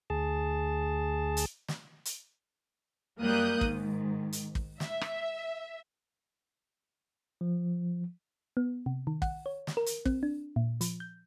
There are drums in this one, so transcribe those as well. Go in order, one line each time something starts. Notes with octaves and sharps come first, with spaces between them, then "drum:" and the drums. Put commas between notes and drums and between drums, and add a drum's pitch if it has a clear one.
D2 G#4 A5
drum: hi-hat
drum: snare
drum: hi-hat
F#2 G3 A#3 D#6 F#6 G6
G#2 D#3, drum: kick
drum: hi-hat
drum: kick
E5, drum: snare
drum: rim click
F3
B3
C3
D#3
F#5, drum: kick
C#5
drum: snare
A#4
drum: hi-hat
C4, drum: kick
D4
A#2
F3, drum: hi-hat
G6